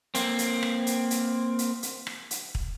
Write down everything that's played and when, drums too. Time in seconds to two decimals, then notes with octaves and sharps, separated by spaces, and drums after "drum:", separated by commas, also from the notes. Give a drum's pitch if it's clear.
0.15 A#3 C4, drum: hi-hat
0.39 drum: hi-hat
0.63 drum: rim click
0.87 drum: hi-hat
1.11 drum: hi-hat
1.59 drum: hi-hat
1.83 drum: hi-hat
2.07 drum: rim click
2.31 drum: hi-hat
2.55 drum: kick